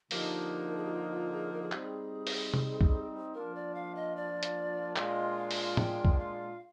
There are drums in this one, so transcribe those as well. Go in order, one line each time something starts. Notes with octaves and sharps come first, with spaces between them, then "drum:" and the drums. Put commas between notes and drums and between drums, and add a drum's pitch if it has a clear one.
D3 F3 A#3 D#4 G4, drum: open hi-hat
A#4
G#4
G4
F4
F4
G#4
A#4
G#4
G3 C4 D#4 G4, drum: clap
G#4
drum: open hi-hat
drum: tom C3
drum: kick
F3 A#3 D4 F4 A#4
D5
F5
D#5
D5
drum: hi-hat
A#2 G#3 D4 F4 D#5, drum: clap
F5
drum: open hi-hat
G5, drum: tom
drum: kick
F5